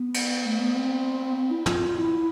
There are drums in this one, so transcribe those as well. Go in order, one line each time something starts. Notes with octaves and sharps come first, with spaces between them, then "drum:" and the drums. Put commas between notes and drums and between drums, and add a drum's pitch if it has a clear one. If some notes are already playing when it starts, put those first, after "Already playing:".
Already playing: B3
drum: cymbal
A3
B3
C4
C4
E4
F4, drum: tom
E4